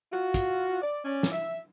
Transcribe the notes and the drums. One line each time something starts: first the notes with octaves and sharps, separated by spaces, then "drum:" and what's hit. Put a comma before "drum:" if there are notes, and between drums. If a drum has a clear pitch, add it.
F4 F#4
drum: kick, hi-hat
D5
C#4 D5
drum: snare
E5